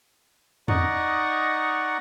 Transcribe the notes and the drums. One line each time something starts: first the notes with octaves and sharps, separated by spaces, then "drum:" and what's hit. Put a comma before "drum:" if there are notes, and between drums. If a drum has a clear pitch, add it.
D#4 D5 D#5 F#5 A#5 C#6, drum: tom E2